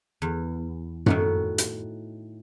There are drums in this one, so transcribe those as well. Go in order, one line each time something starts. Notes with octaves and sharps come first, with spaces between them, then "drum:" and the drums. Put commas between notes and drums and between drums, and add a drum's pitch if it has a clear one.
E2
A2 D#3 F#4, drum: tom F#2
drum: hi-hat